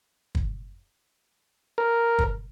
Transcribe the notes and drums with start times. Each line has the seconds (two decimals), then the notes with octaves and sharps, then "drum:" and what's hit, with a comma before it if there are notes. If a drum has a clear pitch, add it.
0.35 drum: kick
1.78 A#4
2.19 drum: kick